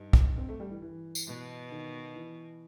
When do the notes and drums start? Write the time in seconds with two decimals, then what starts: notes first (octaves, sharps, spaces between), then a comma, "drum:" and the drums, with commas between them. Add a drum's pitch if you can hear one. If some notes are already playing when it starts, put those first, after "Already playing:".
Already playing: G2 D#4
0.13 drum: kick
0.38 C4
0.49 A3
0.60 G3
0.71 E3
0.82 E3
1.15 drum: tambourine
1.26 B2
1.71 D#3
2.16 E3